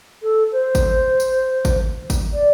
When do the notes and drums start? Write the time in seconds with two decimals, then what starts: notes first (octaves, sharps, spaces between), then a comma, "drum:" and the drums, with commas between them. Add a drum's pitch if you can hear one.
0.22 A4
0.52 C5
0.75 drum: kick G#1, tambourine
1.20 drum: tambourine
1.65 drum: kick G#1, tambourine
2.10 drum: kick G#1, tambourine
2.33 D5